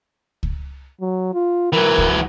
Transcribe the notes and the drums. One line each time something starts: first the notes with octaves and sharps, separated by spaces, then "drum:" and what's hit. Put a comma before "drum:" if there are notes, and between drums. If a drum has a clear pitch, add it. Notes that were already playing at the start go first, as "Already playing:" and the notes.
drum: kick C#2
F#3
F4
E3 F#3 A#4
drum: kick C#2